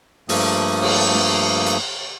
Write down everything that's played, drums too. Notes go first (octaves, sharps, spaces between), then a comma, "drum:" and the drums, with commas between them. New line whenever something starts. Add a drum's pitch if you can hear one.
G2 F3 A3 A#3 D#6, drum: open hi-hat
drum: cymbal
drum: snare
drum: hi-hat